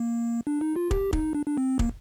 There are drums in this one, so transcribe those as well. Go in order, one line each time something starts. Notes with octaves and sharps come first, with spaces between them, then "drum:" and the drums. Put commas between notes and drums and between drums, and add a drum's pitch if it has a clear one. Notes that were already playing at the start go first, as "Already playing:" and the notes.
Already playing: A#3
D4
D#4
F4
G4, drum: kick
D#4, drum: kick
D4
D4
C4
A#3, drum: kick